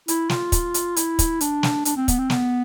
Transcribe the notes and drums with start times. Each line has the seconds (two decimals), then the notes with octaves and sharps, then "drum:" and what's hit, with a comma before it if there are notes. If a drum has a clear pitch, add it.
0.08 E4, drum: hi-hat
0.29 F4, drum: snare
0.52 drum: kick, hi-hat
0.74 drum: hi-hat
0.96 E4, drum: hi-hat
1.19 drum: kick, hi-hat
1.41 D4, drum: hi-hat
1.63 drum: snare
1.85 D4, drum: hi-hat
1.96 C4
2.08 B3, drum: kick, hi-hat
2.18 C4
2.30 B3, drum: snare